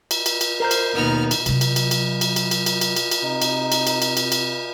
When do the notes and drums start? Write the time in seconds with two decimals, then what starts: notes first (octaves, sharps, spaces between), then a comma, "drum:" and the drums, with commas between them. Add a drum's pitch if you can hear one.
0.11 drum: cymbal
0.26 drum: cymbal
0.41 drum: cymbal
0.60 A#4 C5 A#5 G6
0.71 drum: cymbal
0.94 D#2 B2 B3 D#4 F6
1.31 drum: cymbal
1.46 C3 F#3, drum: cymbal
1.61 drum: cymbal
1.76 drum: cymbal
1.91 drum: cymbal
2.21 drum: cymbal
2.36 drum: cymbal
2.51 drum: cymbal
2.66 drum: cymbal
2.81 drum: cymbal
2.96 drum: cymbal
3.11 drum: cymbal
3.23 C3 D#4
3.42 drum: cymbal
3.72 drum: cymbal
3.87 drum: cymbal
4.02 drum: cymbal
4.17 drum: cymbal
4.32 drum: cymbal